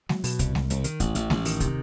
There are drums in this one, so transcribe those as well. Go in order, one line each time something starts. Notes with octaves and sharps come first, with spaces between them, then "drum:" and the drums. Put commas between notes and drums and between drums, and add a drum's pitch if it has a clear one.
F#3, drum: snare G#3
B2, drum: open hi-hat
C2, drum: kick, hi-hat
C2, drum: snare G#3
C2, drum: hi-hat
D#3, drum: hi-hat
A1, drum: kick, hi-hat
A1, drum: hi-hat
A1, drum: snare G#3
D#3, drum: open hi-hat
C3, drum: kick, hi-hat